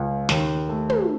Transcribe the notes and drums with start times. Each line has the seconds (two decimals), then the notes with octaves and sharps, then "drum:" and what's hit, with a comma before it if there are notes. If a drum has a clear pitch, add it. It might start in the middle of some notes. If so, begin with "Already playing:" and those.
Already playing: C#2
0.29 D#2, drum: snare
0.69 A3
0.90 drum: tom